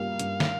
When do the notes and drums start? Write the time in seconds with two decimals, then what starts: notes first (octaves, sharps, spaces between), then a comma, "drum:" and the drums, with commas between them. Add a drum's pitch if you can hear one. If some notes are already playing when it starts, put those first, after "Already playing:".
Already playing: G2 G3 A#3 F4 A#4 F5
0.19 G2, drum: hi-hat
0.40 drum: snare